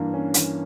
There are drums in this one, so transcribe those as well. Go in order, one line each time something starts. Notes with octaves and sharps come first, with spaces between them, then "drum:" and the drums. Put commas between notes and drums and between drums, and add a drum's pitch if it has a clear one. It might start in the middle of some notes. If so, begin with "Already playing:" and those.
Already playing: G2 E3 A#3
C#4
E3, drum: hi-hat